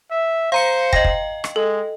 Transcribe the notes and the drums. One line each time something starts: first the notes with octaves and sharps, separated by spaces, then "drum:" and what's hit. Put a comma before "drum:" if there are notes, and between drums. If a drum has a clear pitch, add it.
E5
C5 F5 A#5 C#7
D#5 G5 A#6, drum: kick
drum: kick
drum: rim click
G#3 A4